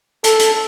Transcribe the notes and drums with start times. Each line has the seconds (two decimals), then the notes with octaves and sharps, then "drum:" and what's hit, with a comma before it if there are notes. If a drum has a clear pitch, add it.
0.24 A4, drum: hi-hat
0.39 drum: hi-hat